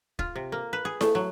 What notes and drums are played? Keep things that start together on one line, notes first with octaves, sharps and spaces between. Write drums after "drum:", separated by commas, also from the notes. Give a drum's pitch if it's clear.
F4, drum: kick
C3
A#3
B4
G#4
A3, drum: snare E4
F#3